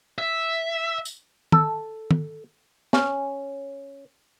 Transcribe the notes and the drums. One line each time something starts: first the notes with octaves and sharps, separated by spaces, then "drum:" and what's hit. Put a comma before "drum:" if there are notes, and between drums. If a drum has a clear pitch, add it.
E5
drum: tambourine
A4, drum: tom D#3
drum: tom D#3
C#4, drum: snare